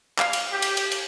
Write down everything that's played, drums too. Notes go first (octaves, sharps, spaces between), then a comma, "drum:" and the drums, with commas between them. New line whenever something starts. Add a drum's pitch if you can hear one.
F5, drum: clap
drum: cymbal
G4
drum: cymbal
drum: cymbal
drum: cymbal